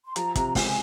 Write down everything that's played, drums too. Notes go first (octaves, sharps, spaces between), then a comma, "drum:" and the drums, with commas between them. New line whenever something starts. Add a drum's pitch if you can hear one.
C6
F3 A#5, drum: hi-hat
C3, drum: kick, hi-hat
C#2 G#5, drum: kick, open hi-hat